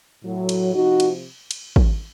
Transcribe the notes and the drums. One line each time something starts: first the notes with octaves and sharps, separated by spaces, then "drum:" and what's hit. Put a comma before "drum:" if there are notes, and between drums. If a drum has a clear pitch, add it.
A2 F#3
drum: cymbal
C3 F3 D#4 F#4
drum: cymbal
drum: cymbal
drum: kick